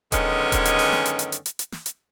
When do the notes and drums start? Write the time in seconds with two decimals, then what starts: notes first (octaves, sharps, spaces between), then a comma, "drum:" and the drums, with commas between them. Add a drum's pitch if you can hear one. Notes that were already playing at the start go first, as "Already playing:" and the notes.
0.12 F#2 D3 D#3 G#3 B3 C#4, drum: kick D#1, hi-hat
0.52 drum: kick D#1, hi-hat
0.65 drum: hi-hat
0.79 drum: open hi-hat
0.92 drum: snare
1.06 drum: hi-hat
1.19 drum: hi-hat
1.32 drum: hi-hat
1.46 drum: hi-hat
1.59 drum: hi-hat
1.72 drum: snare
1.86 drum: hi-hat